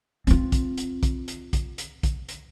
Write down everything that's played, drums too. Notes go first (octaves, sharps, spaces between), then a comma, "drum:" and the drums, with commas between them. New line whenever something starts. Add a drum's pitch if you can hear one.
C4 F4, drum: hi-hat
drum: kick, hi-hat
drum: hi-hat
drum: kick, hi-hat
drum: hi-hat
drum: kick, hi-hat
drum: hi-hat
drum: kick, hi-hat
drum: hi-hat